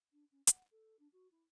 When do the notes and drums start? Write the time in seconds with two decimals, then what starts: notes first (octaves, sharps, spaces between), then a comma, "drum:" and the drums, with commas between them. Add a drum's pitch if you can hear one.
0.12 D4
0.31 C#4
0.47 F#5, drum: hi-hat
0.71 A4
0.99 D4
1.12 F#4
1.31 E4